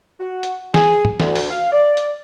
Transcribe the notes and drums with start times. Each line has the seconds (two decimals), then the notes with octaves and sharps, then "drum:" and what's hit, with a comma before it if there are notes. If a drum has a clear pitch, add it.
0.20 F#4
0.43 drum: hi-hat
0.74 G#4, drum: snare
1.05 drum: tom
1.20 D2, drum: snare
1.35 drum: open hi-hat
1.51 F5
1.72 D5
1.97 drum: hi-hat